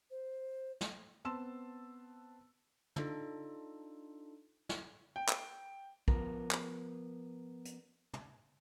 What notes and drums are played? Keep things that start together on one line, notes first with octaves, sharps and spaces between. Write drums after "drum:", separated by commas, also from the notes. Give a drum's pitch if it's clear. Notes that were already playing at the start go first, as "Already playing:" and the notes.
C5
drum: snare
B3 C4 A5 C6 E6 E7
D4 D#4 F4 A4, drum: tom
drum: snare
G5
drum: clap
F3 B3 A#4, drum: kick
drum: clap
drum: hi-hat
drum: tom